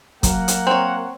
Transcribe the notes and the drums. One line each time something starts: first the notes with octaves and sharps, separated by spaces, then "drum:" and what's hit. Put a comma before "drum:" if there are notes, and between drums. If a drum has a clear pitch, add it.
F#3 A#3 A#4 F#5, drum: kick, hi-hat
drum: hi-hat
C4 C#5